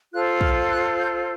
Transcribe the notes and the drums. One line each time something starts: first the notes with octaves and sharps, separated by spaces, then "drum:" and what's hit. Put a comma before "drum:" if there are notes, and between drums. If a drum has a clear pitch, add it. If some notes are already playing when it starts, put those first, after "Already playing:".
F4 A4 C5 F#6
F6, drum: kick
F#6
G6